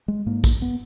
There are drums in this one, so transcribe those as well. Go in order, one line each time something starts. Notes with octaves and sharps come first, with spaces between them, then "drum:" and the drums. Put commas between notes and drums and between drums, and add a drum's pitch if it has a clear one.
G#3
G#2 A#3
drum: kick, tambourine
B3